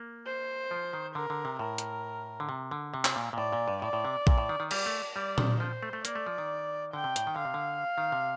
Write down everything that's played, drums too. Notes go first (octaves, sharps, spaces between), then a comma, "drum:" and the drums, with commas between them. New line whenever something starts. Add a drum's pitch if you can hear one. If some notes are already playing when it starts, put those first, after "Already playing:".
Already playing: A#3
C5
F3
D#3
D3 A#4
D3
C3
A2 A#4
drum: hi-hat
D3
C3
D3
C3
drum: clap
A#2
A#2
A2 D5
A#2
G2
A2 D5
A2
C3
A#2, drum: kick A#1
A2
D#3
D#3
G3 D5, drum: cymbal
A3
G3 D5
D#3, drum: tom A#2
F3 C5
A3
A3
A#3 D5, drum: hi-hat
A3
F3
D#3
D3 G5
C3
A2, drum: hi-hat
D#3
D3 F5
C3
D3
D#3
C3